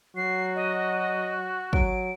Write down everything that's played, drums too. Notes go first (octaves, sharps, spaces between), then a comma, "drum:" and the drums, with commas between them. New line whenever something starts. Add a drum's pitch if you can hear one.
F#3 F#4 C7
D#5
F#3 D7, drum: kick